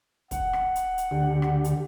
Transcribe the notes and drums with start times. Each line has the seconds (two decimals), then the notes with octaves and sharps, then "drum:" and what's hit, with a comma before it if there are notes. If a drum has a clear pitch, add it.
0.31 F#5, drum: kick, hi-hat
0.53 drum: rim click
0.76 drum: hi-hat
0.98 drum: hi-hat
1.11 D2 D3 G4
1.42 drum: rim click
1.64 drum: hi-hat